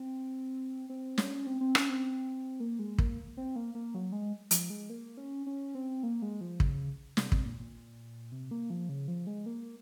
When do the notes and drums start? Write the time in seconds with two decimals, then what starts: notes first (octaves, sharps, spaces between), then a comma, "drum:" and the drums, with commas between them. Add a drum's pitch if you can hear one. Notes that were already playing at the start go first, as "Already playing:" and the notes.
Already playing: C4
0.89 C4
1.18 C#4, drum: snare
1.46 C4
1.61 C4
1.75 C#4, drum: rim click
1.90 C4
2.60 A#3
2.79 G#3
2.98 A#3, drum: kick
3.37 C4
3.56 A#3
3.75 A#3
3.95 F#3
4.12 G#3
4.51 F3, drum: hi-hat
4.70 G#3
4.90 A#3
5.17 C#4
5.46 C#4
5.75 C4
6.03 A#3
6.22 G#3
6.41 F3
6.60 C#3, drum: kick
7.17 C3, drum: snare
7.32 C3, drum: kick
7.46 A#2
7.60 A#2
8.32 C3
8.51 A#3
8.70 F3
8.89 C#3
9.08 F3
9.27 G#3
9.46 A#3